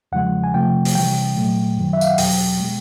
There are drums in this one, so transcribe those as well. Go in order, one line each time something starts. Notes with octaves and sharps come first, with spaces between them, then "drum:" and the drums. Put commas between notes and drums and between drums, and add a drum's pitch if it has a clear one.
E2 C#3 F3 G#3 F#5
G#5
C3 F3 A3 G5
drum: open hi-hat
C3 E3 G3 G5
A#2 F#3 A3
F#2 D#3 F#3
E5
F5, drum: tambourine
F#5
E2 B2 F#3 G5, drum: open hi-hat
B2 G#3